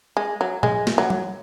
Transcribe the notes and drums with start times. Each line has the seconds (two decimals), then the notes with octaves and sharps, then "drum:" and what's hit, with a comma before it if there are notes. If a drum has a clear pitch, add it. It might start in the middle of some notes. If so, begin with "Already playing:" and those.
0.17 G#3
0.41 F#3
0.63 G#3, drum: tom A#2
0.87 drum: snare
0.98 F#3
1.10 drum: tom F#3